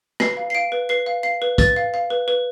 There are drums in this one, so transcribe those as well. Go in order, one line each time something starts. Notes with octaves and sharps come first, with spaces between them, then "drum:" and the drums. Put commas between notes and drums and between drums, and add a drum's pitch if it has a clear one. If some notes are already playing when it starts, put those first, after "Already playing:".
B4 C7, drum: rim click
F5
C7
F5 D7
B4
B4 C7
F5
F5 C7
B4
B4 A6, drum: kick, hi-hat
F5
F5
B4
B4